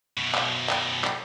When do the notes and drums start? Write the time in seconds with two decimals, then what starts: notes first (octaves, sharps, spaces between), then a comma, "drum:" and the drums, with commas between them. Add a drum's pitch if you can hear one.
0.17 F#2 B2
0.35 drum: clap
0.69 drum: clap
1.04 drum: clap